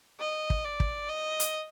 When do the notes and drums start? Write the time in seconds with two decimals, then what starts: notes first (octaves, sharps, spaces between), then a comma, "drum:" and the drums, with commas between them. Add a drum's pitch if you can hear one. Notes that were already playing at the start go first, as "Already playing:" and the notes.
0.20 D#5
0.50 drum: kick
0.65 D5
0.80 drum: kick
1.09 D#5
1.40 drum: hi-hat